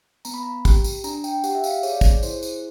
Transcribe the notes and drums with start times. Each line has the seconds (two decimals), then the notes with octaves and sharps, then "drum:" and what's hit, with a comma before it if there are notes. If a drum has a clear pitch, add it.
0.25 B3 A#5, drum: tambourine
0.34 B5
0.43 A#5
0.65 G4, drum: kick, tambourine
0.84 drum: tambourine
1.04 D4 A#5, drum: tambourine
1.24 G5, drum: tambourine
1.44 G4 F#5, drum: tambourine
1.55 E5
1.64 F5, drum: tambourine
1.83 G#4 C#5, drum: tambourine
1.92 D5
2.01 C#5, drum: kick, tambourine
2.23 E4 C5, drum: tambourine
2.43 drum: tambourine